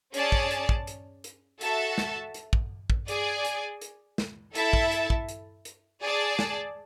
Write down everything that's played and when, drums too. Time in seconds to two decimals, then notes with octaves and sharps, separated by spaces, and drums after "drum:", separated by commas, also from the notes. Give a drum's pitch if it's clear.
0.14 C#4 G#4 D5 A5, drum: hi-hat
0.32 drum: kick
0.51 drum: hi-hat
0.69 drum: kick
0.87 drum: hi-hat
1.24 drum: hi-hat
1.61 F#4 A4 E5 A5, drum: hi-hat
1.98 drum: snare
2.34 drum: hi-hat
2.53 drum: kick
2.90 drum: kick
3.08 G#4 D5 G#5, drum: hi-hat
3.45 drum: hi-hat
3.81 drum: hi-hat
4.18 drum: snare
4.55 E4 A4 E5 A5, drum: hi-hat
4.73 drum: kick
4.92 drum: hi-hat
5.10 drum: kick
5.29 drum: hi-hat
5.65 drum: hi-hat
6.02 G#4 D5 A5
6.39 drum: snare